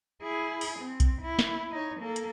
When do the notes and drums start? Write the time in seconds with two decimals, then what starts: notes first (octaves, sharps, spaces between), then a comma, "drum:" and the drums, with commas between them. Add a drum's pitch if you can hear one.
0.23 E4 G#4
0.61 drum: open hi-hat
0.79 C4
1.00 drum: kick B1, hi-hat
1.22 E4
1.39 drum: snare
1.71 D#4 C#5
2.00 A#3 A4
2.16 drum: hi-hat